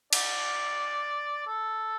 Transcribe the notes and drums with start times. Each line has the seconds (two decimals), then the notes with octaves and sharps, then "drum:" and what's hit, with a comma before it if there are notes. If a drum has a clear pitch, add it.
0.13 D5, drum: cymbal
1.47 A4